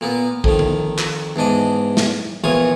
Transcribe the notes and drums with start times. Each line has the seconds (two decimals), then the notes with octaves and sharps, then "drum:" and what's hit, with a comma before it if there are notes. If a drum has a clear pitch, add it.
0.01 A#2 A#3 B3
0.44 F2 D#3, drum: kick
0.59 drum: tom D3
0.99 drum: clap
1.36 E2 G#2 D4 D#5
1.97 drum: snare
2.44 A#1 E2 E3 F4 C#5 D#6